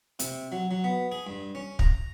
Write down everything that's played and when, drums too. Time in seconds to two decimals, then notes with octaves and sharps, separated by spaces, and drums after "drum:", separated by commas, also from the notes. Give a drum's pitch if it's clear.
0.19 C3, drum: hi-hat
0.52 F#3
0.71 F#3
0.84 B3
1.12 G#4
1.27 G2
1.55 C#4
1.79 A#5, drum: kick